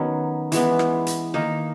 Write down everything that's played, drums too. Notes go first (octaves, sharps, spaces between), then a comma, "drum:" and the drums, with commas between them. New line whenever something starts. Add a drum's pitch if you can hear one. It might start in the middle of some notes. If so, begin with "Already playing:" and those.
Already playing: D#3 F#3 B3 C#4
E3 G#3 B3, drum: hi-hat
drum: rim click
drum: hi-hat
D#3 A#3 D#4